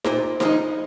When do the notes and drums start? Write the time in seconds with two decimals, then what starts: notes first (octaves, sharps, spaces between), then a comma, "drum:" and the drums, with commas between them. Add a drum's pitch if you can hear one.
0.04 A#2 C5, drum: snare D#4
0.40 F3 G#3 D#4, drum: snare D#4